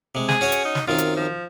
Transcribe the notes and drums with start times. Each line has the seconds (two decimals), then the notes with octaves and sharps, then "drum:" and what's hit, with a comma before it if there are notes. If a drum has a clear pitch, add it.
0.15 C3 G#3
0.29 G#4, drum: snare
0.41 C#4 F#4 C#5
0.52 drum: hi-hat
0.65 D#4
0.75 drum: snare
0.88 F#2 D#3 C4 F4
0.98 drum: hi-hat
1.16 F3